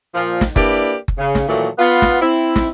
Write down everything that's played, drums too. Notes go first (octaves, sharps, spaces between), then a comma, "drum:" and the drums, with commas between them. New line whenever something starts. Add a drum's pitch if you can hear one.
A#2 F3
drum: snare
A#3 D4 E4 G4 B4 D5, drum: kick F#1
drum: kick F#1
C#3
drum: snare
A#2 D#3 E3 F#3 A3
B3 F4
drum: snare
C4 E4
drum: snare